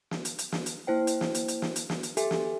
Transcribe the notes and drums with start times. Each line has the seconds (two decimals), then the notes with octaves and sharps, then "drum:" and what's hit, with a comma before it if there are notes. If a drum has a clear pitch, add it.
0.11 drum: snare
0.25 drum: hi-hat
0.39 drum: hi-hat
0.52 drum: snare
0.66 drum: hi-hat
0.87 A#3 E4 C5 G5
1.07 drum: hi-hat
1.21 drum: snare
1.35 drum: hi-hat
1.48 drum: hi-hat
1.62 drum: snare
1.76 drum: hi-hat
1.90 drum: snare
2.03 drum: hi-hat
2.17 G4 A4 E5 G#5, drum: hi-hat
2.31 drum: snare